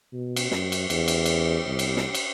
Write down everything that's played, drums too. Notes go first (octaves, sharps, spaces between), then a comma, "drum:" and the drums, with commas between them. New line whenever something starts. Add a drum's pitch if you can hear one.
B2
drum: cymbal
F#2, drum: snare
drum: cymbal
E2, drum: cymbal
drum: cymbal
drum: cymbal
C2
drum: cymbal
drum: snare
drum: cymbal